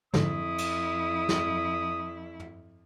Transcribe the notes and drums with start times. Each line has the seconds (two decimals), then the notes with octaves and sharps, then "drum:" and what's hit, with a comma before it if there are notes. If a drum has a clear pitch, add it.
0.14 F2 G#2 D3 F3 E4 D#6, drum: snare
0.58 drum: cymbal
1.29 drum: snare
2.40 drum: tom